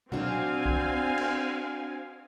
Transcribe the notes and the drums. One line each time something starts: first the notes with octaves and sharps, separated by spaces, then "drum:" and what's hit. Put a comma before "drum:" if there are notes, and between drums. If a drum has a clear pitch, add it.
C4 D4 F#4 F5 G#5, drum: tom A#2
drum: kick
drum: cymbal